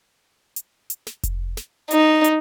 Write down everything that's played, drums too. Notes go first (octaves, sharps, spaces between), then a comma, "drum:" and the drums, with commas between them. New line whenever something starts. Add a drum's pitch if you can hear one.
drum: hi-hat
drum: hi-hat
drum: snare
drum: kick F1, hi-hat
drum: snare
D#4, drum: hi-hat
drum: hi-hat